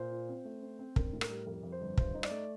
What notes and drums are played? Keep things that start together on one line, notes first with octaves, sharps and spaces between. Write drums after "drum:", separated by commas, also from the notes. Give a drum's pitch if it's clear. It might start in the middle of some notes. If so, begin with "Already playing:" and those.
Already playing: A#2 C5
F4
C4
A3
C4
C4
D4 A#4, drum: kick
A2
A#4, drum: rim click
G3
F2 A#4
F2
C5
G1
G2 C5, drum: kick
D#4
D5, drum: rim click
A3